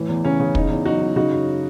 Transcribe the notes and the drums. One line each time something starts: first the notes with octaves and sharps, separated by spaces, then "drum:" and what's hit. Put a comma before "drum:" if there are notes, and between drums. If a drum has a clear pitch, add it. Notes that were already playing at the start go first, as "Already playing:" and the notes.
Already playing: A2 E3
E2
C#3 C#4
C#3
E2 D#4, drum: kick
E2
F#3 D#4 F#4
E2
C#3 D#4 F#4
F#2